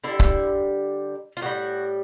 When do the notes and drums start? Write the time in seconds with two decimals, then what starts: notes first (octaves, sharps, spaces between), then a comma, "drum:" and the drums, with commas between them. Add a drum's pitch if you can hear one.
0.04 D3 G3 E4
0.20 drum: kick C#1
1.37 F4
1.41 A2 E3 G3 F#4